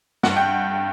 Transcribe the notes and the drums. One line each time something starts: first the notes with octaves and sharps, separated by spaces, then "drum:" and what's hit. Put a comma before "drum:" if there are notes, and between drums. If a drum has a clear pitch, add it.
G2 F#5, drum: snare
G5